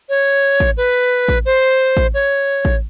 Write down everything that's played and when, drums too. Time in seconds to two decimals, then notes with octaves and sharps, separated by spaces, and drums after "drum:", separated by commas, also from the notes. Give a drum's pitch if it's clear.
0.09 C#5
0.60 drum: kick A1
0.77 B4
1.28 drum: kick A1
1.45 C5
1.97 drum: kick A1
2.14 C#5
2.65 drum: kick A1